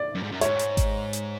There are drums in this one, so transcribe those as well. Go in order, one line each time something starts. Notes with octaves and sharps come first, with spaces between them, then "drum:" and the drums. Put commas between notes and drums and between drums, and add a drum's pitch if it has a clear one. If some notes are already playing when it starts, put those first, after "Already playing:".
Already playing: D5
F#2
G#2
F#2
G#2 C#5, drum: hi-hat
drum: hi-hat
drum: kick G#1, hi-hat
drum: hi-hat